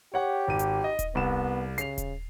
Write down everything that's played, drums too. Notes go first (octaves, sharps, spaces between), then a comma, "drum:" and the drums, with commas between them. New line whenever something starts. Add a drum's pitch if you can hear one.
G4 C#5 F#5
G#1 D#7
drum: hi-hat
D#5
drum: kick D#1, hi-hat
C2 B3 E7
C#3 C7 F7, drum: hi-hat
drum: kick D#1, hi-hat